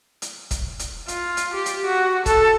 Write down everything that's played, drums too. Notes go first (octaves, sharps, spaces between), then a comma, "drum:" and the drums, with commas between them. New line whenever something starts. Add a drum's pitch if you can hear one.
drum: hi-hat
drum: kick, hi-hat
drum: hi-hat
F4, drum: hi-hat
drum: hi-hat
G4
drum: hi-hat
F#4
A4, drum: kick, hi-hat